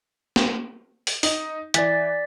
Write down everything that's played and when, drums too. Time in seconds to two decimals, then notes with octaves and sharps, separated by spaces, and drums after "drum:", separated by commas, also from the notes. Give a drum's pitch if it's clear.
0.36 drum: snare
1.07 drum: open hi-hat
1.23 D#4, drum: open hi-hat
1.74 E3 D5 A6 B6, drum: hi-hat